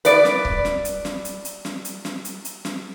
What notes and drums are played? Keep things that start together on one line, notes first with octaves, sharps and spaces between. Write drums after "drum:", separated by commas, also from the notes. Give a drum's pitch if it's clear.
B4 D5, drum: hi-hat
drum: snare
drum: kick C#1
drum: snare
drum: hi-hat
drum: snare
drum: hi-hat
drum: hi-hat
drum: snare
drum: hi-hat
drum: snare
drum: hi-hat
drum: hi-hat
drum: snare